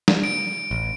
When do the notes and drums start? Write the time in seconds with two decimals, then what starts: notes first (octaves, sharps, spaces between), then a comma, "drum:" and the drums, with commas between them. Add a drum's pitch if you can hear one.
0.08 drum: snare
0.24 D7
0.71 A1